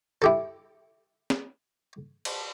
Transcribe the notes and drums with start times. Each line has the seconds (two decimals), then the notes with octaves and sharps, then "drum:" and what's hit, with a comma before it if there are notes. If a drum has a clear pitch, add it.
0.22 E4 G4 A4
1.30 drum: snare
2.25 drum: cymbal